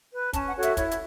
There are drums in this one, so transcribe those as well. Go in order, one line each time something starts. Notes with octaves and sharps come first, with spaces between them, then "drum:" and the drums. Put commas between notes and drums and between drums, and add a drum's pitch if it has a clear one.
B4
C#4 A5, drum: kick, hi-hat
F#5
F#4 A4 C#5
E5, drum: hi-hat
E4 C#5, drum: kick, hi-hat
drum: hi-hat